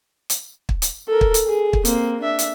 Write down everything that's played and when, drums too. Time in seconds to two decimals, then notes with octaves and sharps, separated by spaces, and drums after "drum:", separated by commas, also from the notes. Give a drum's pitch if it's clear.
0.30 drum: hi-hat
0.69 drum: kick
0.82 drum: hi-hat
1.08 A4 A#4
1.21 drum: kick
1.34 drum: hi-hat
1.47 G#4
1.73 drum: kick
1.85 A#3 C4, drum: hi-hat
2.21 D4 E5
2.39 drum: hi-hat